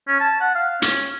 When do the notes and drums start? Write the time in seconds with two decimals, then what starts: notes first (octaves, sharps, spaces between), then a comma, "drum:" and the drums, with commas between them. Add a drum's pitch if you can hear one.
0.08 C#4
0.20 A5
0.41 F#5
0.55 F5
0.82 C#4, drum: hi-hat